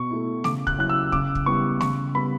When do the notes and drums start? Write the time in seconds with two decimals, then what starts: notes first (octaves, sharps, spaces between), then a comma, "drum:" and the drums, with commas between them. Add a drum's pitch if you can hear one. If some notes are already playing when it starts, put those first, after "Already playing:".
Already playing: B2 C#6
0.10 A3 E4
0.44 C#3 D6, drum: snare A3
0.67 F#6, drum: kick
0.78 F#3 C#4 E4 F#6
0.89 E6
1.12 C#3 D6, drum: kick
1.35 drum: kick
1.46 G3 B3 E4 C#6
1.81 C#3 C#6, drum: snare A3
2.14 G3 B3 B5